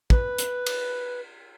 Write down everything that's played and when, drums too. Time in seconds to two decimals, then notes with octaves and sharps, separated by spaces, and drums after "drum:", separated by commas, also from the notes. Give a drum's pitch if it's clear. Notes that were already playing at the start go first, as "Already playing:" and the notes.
0.10 B4, drum: kick
0.38 drum: hi-hat
0.66 drum: cymbal